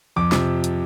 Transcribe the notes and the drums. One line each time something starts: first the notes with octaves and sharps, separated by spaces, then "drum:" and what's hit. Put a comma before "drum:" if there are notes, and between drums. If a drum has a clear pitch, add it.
F2 D6
C3 F3, drum: snare
drum: hi-hat